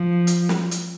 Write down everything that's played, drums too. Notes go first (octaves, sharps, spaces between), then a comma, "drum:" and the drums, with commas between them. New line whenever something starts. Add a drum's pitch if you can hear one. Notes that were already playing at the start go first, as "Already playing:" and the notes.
Already playing: F3
drum: hi-hat
drum: snare
drum: hi-hat